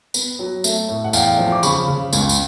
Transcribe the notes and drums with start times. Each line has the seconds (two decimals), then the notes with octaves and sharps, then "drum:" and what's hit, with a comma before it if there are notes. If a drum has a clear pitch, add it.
0.14 B3, drum: tambourine
0.39 F#3
0.64 A3, drum: tambourine
0.89 A2
1.04 F#5
1.13 E2 F5 G5, drum: tambourine
1.39 F3
1.52 D6
1.63 C#3 B5 C#6, drum: tambourine
1.88 C#3
2.13 C#2, drum: tambourine
2.29 drum: tambourine